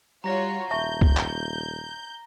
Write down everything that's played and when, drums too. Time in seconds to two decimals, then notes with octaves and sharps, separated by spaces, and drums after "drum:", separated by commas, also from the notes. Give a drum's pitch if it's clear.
0.24 G3 F4 F#4 C#5 A#5 A#6
0.71 D#1 E5 A5 C#6 G6
1.01 drum: kick C#2
1.17 drum: clap